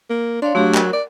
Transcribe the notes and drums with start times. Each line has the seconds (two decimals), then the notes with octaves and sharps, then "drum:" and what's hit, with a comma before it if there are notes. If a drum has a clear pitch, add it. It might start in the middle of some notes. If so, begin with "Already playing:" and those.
0.10 A#3
0.42 D4 C#5 F5 C6
0.55 F#3 A3 D4 G4
0.75 A#4, drum: clap
0.93 D5